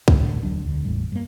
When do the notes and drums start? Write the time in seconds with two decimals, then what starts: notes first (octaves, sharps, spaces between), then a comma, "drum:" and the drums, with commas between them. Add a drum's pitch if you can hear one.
0.08 G#2 D3, drum: kick
0.19 D#1 C2 A2 D3
0.43 E1 D2 F#3 D4
0.63 E1 D2 D3
0.85 G#1 E2 A2 G3
1.12 G2 A#3